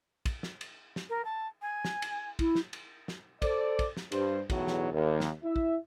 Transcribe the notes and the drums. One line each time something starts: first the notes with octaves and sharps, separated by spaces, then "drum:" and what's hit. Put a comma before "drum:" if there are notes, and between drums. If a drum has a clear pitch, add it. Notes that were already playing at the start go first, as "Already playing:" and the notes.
drum: kick, cymbal
drum: snare
drum: cymbal
drum: snare
A#4
A5
G#5
drum: snare
drum: cymbal
E4, drum: kick, cymbal
drum: snare
drum: cymbal
drum: snare
A4 C5 D5, drum: kick, cymbal
drum: kick, cymbal
drum: snare
G2 C5, drum: cymbal
B1 E2 A2 F#3, drum: kick, cymbal
drum: snare
D#2
drum: snare
E4 E5
drum: kick